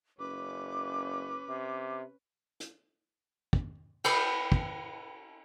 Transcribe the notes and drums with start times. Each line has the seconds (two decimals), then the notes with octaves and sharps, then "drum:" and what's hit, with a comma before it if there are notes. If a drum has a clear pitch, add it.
0.19 F#1 C#4 B4 D6
1.49 C3
2.60 drum: hi-hat
3.53 drum: kick
4.04 B4 G5, drum: cymbal
4.52 drum: kick